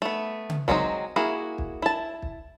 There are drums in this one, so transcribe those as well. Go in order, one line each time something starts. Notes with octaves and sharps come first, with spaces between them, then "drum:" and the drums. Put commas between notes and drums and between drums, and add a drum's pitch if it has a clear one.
A3 B3
drum: tom C#3
F#3 G#3 C4 D4 D#4, drum: kick
A#3 E4 F#4 G#4
drum: kick
E4 A5
drum: kick